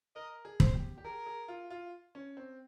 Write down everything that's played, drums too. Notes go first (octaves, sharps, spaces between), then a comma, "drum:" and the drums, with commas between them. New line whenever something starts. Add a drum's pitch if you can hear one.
A#4 D#5
G#4
C5, drum: kick
G4
G4
G#4 A#4
G#4
F4
F4
C#4
C4